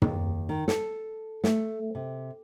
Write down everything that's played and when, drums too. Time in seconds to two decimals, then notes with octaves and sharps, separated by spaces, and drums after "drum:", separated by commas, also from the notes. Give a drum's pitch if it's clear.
0.02 D#2, drum: tom
0.49 D#3
0.68 A4, drum: snare
1.44 A3, drum: snare
1.95 C3